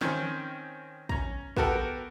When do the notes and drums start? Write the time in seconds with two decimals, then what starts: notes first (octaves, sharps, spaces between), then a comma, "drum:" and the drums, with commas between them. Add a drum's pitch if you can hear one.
0.01 D#3 C4 C#4, drum: snare
1.09 C#4 A#5, drum: kick
1.57 B3 F#4 G4 A4 A#4, drum: kick